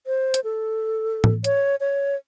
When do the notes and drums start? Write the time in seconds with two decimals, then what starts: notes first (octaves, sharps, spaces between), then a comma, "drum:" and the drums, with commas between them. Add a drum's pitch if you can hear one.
0.07 C5
0.34 drum: hi-hat
0.44 A4
1.24 drum: tom A2
1.44 C#5, drum: hi-hat
1.80 C#5